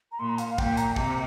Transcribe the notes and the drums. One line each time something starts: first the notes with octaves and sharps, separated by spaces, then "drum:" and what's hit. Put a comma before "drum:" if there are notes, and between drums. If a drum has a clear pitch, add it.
A#5
A#2 C6
A#5
F5, drum: hi-hat
F5
A#2 G5, drum: kick
A#5, drum: hi-hat
G5
C3 A#5, drum: kick